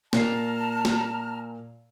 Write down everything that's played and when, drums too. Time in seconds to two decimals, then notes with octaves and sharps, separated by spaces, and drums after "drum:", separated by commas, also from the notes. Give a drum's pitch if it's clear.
0.13 A#2 A5 A#5 F6 C7, drum: snare
0.85 drum: snare